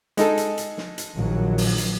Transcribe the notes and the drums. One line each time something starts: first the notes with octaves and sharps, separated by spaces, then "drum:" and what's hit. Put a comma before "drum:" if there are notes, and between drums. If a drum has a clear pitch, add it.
G#3 D#4 A4, drum: hi-hat
drum: hi-hat
drum: hi-hat
drum: snare
drum: hi-hat
A#1 D#3 F#3
drum: open hi-hat
drum: hi-hat